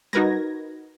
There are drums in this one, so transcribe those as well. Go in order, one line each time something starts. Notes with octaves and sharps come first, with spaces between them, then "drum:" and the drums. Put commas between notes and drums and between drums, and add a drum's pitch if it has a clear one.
D#4 F#4 A#4 B4 G#6 A#6, drum: tom G3